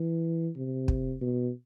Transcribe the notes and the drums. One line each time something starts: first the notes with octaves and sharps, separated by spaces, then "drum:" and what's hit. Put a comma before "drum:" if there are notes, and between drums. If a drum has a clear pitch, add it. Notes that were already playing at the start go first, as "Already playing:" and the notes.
Already playing: E3
C3
drum: kick
B2